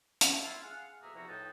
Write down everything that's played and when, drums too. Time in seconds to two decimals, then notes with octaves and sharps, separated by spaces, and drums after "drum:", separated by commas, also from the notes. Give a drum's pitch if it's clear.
0.21 drum: hi-hat
0.42 E4 F4
0.64 G#4 F5 F#5
1.02 F2 B2 A#3 G#4 E5 A#5
1.14 E2 C3 F3 E4 F#4 A#5
1.27 A2 F3 D#4 B4 G5 A5